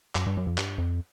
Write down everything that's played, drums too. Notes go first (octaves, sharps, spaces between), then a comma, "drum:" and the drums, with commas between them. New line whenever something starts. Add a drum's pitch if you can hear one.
F#2, drum: clap
G2
F#2
F2
G2, drum: clap
F2